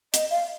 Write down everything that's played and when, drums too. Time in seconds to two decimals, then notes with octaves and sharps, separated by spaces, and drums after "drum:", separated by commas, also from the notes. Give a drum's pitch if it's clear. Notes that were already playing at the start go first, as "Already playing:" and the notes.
0.14 D#5, drum: hi-hat
0.30 F5